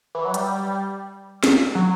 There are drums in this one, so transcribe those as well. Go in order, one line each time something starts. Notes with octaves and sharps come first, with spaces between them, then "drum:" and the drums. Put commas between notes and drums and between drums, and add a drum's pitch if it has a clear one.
E3
F#3
G3, drum: hi-hat
drum: snare
F#3